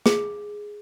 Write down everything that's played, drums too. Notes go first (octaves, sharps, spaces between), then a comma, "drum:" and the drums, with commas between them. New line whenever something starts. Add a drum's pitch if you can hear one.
G#4, drum: snare